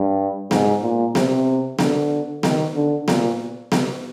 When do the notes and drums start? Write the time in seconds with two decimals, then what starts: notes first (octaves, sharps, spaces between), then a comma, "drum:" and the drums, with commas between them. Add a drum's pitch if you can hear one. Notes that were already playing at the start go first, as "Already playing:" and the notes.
Already playing: G2
0.51 G#2, drum: snare B3
0.82 A#2
1.15 C3, drum: snare B3
1.79 D3, drum: snare B3
2.43 D#3, drum: snare B3
2.75 D3
3.08 A#2, drum: snare B3
3.72 drum: snare B3